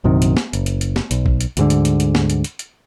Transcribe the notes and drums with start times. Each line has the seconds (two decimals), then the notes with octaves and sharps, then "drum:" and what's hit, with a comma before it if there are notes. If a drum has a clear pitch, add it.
0.04 A#1 F#2 C3 D#3
0.22 drum: hi-hat
0.37 drum: snare
0.53 F#1, drum: hi-hat
0.66 drum: hi-hat
0.81 drum: hi-hat
0.96 drum: snare
1.11 B1, drum: hi-hat
1.26 drum: kick A1
1.41 drum: hi-hat
1.57 D2 G#2 D3, drum: hi-hat
1.70 drum: hi-hat
1.85 drum: hi-hat
2.00 drum: hi-hat
2.15 drum: snare
2.30 drum: hi-hat
2.44 drum: hi-hat
2.59 drum: hi-hat